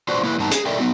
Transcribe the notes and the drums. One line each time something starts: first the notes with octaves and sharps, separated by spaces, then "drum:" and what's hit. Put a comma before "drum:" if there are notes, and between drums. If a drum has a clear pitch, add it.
D4 F4 F#4 B4 C5 D5
A#3 E4 A4 B4
G2 A#3 B3 D#4 A5 A#5
G#4, drum: hi-hat
A4 A#4 D5 E5 G5
B3 D#4 F#4